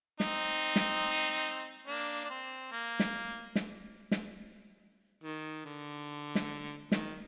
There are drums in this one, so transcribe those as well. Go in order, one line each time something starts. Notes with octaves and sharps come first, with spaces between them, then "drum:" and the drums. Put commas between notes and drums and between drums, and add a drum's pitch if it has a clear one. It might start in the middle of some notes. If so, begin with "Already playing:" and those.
C4 D#4, drum: snare
drum: snare
A#3 D4
D4
C4
A#3
drum: snare
drum: snare
drum: snare
D#3
D3
drum: snare
D#3, drum: snare